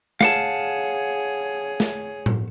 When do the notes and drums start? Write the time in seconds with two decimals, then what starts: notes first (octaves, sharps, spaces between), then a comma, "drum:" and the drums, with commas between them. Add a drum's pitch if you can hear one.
0.21 G#4 C#5 F5 F#5 A5, drum: snare
1.80 drum: snare
2.26 drum: tom A2